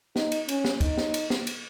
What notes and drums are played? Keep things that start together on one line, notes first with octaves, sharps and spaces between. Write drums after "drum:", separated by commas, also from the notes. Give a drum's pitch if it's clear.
D#4, drum: snare
drum: cymbal
C#4, drum: cymbal
drum: snare
D#4, drum: kick, cymbal
drum: snare
drum: cymbal
drum: snare
drum: cymbal